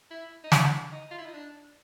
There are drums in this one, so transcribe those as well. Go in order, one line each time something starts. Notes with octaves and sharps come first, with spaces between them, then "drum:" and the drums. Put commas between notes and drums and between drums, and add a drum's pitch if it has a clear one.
E4
D#4
E4, drum: snare
D#4
F4
E4
D#4
D4